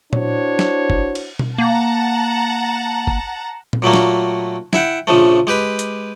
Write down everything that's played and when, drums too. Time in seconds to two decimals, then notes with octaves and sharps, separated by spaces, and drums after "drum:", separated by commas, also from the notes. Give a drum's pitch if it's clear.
0.13 D4 E4 F#4 C5 C#5, drum: tom A#2
0.59 drum: snare
0.90 drum: kick
1.15 drum: cymbal
1.39 drum: tom B2
1.58 A#3 F#5 A5 A#5
3.07 drum: kick
3.73 drum: tom A#2
3.82 A#2 F#3 A3 A#3
3.94 drum: snare
4.73 E4 E5 F#5 G5, drum: snare
5.07 A#1 C#3 F3 A3
5.47 G#3 G4 B4 B5
5.79 drum: hi-hat